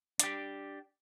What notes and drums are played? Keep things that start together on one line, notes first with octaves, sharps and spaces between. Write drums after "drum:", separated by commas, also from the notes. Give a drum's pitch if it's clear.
D4 G4, drum: hi-hat